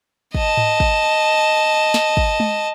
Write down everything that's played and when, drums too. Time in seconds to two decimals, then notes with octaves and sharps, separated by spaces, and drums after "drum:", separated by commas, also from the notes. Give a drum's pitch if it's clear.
0.35 D#5 A5, drum: kick
0.57 drum: tom G#2
0.80 drum: kick
1.94 drum: snare
2.17 drum: kick
2.40 drum: tom G#3